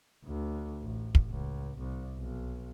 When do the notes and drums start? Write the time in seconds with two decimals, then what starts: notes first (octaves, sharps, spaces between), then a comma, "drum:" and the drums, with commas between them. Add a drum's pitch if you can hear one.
0.25 D2
0.82 A1
1.15 drum: kick
1.30 C#2
1.79 C2
2.19 B1